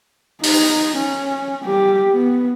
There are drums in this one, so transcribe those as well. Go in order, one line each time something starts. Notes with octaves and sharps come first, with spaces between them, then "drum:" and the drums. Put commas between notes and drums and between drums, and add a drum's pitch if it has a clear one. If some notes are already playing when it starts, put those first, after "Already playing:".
D#4, drum: open hi-hat
C#4
G3 G4
B3